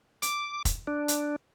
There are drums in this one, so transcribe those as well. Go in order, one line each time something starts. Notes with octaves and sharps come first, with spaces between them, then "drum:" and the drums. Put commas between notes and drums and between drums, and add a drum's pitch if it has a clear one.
D6, drum: hi-hat
drum: kick, hi-hat
D4
drum: hi-hat